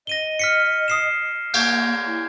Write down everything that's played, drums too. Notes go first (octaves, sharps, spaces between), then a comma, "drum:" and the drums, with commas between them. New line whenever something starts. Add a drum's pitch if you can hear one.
D#5 A#6 D#7 G7
F6 B6 C#7
D#6 C7 E7
A#3 G6 G#6, drum: cymbal
E4